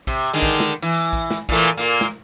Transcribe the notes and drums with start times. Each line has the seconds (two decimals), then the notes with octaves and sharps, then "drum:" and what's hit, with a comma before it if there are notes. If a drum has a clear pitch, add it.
0.07 C3, drum: kick A#1
0.33 D3 D#3 G#3
0.42 drum: kick A#1
0.60 drum: snare
0.82 E3
1.13 drum: kick A#1
1.31 drum: snare
1.49 A#2 E3 A3, drum: kick A#1
1.77 A#2 A#3
2.01 drum: snare